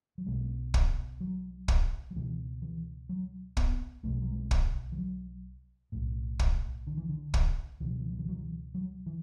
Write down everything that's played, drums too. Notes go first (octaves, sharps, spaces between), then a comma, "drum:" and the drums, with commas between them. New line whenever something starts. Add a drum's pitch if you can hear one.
F#3
B1 B2 G#3
drum: kick
F#3
drum: kick
F#3
C#2 B2 E3
E3
F#3
B3, drum: kick
B1 B2 A3
G#3
F#3
G#3
drum: kick
E3
F#3
B1 A2
drum: kick
D3
E3
D3
drum: kick
C#2 B2 E3
F#3
E3
F#3
E3
F#3
E3
F#3
E3